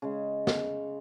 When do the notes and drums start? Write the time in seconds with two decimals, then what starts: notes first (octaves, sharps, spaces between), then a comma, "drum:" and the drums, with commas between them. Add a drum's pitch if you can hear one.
0.02 C#3 G#3
0.47 drum: snare